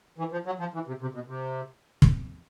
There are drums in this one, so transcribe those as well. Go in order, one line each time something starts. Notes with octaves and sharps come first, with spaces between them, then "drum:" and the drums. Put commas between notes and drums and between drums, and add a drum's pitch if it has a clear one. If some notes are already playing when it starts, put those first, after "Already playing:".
E3
F3
F#3
F3
E3
C3
C3
B2
C3
drum: kick